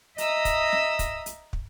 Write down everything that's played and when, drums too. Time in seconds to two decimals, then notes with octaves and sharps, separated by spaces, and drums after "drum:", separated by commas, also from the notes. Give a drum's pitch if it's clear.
0.18 D#5 E5 A#5 D#6 E6, drum: hi-hat
0.45 drum: kick, hi-hat
0.72 drum: snare
0.99 drum: kick, hi-hat
1.26 drum: hi-hat
1.53 drum: kick